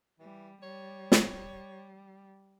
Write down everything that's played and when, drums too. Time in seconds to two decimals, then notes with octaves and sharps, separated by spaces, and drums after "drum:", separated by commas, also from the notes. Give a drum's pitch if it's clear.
0.20 E3 G3
0.63 G3 C#5
1.12 drum: snare